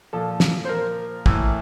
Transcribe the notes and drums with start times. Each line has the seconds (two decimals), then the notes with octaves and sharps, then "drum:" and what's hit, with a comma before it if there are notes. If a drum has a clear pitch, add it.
0.13 A#2 F3 A4
0.40 drum: snare
0.65 C5
0.69 A#4
1.26 A2 E3, drum: kick